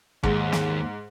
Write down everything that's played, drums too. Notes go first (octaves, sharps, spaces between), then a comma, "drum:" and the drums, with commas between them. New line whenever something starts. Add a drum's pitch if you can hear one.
D#2 G#2, drum: kick
drum: snare